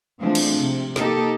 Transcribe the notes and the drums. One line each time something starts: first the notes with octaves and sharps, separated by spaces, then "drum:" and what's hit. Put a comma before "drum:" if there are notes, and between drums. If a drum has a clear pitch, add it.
E3 F3 G#3 A3 C4 D4
drum: cymbal
C3
A#3 D#4 G4 A4, drum: snare